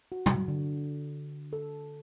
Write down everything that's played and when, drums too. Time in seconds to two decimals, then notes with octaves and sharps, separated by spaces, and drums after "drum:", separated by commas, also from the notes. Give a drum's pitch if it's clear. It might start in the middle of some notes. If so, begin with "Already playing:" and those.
0.12 F#4
0.26 drum: tom
0.48 D3
1.53 A4